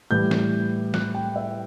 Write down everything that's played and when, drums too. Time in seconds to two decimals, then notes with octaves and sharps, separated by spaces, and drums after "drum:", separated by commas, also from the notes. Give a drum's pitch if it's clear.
0.11 A2 E3 G3 G6
0.31 drum: snare
0.94 F#6, drum: snare
1.15 G5
1.36 E5